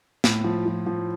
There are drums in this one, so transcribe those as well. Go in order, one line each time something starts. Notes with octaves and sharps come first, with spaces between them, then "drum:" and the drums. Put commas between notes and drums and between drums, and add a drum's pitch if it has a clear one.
A2, drum: snare
F3
F3
F3